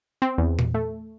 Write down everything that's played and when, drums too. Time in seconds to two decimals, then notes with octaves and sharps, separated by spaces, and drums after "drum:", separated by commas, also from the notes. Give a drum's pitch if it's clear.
0.22 C4
0.38 E2
0.59 drum: tom A#2
0.74 A3